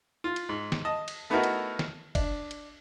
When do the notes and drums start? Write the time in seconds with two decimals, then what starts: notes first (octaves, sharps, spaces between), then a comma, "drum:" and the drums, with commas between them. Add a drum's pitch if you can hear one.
0.24 F4
0.36 drum: cymbal
0.49 G#2
0.72 drum: snare
0.85 D#5 A5
1.08 drum: cymbal
1.30 A3 B3 D#4 E4 F#4 A#4
1.44 drum: cymbal
1.79 drum: snare
2.15 D4, drum: kick, cymbal
2.51 drum: cymbal